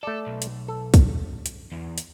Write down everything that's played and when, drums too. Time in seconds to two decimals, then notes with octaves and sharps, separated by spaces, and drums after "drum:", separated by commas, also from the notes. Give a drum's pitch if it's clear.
0.03 A3 A4 D5
0.27 B1
0.42 drum: hi-hat
0.68 A4
0.94 drum: kick, hi-hat
1.46 drum: hi-hat
1.72 E2
1.98 drum: hi-hat